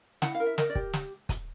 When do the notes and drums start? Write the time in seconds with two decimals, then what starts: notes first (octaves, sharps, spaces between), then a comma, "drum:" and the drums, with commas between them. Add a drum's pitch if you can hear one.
0.22 E4 F#5, drum: snare
0.35 F5
0.40 A#4
0.46 E5
0.58 A#4 D#5, drum: snare
0.70 D5
0.75 G4, drum: kick
0.93 drum: snare
1.29 drum: kick, hi-hat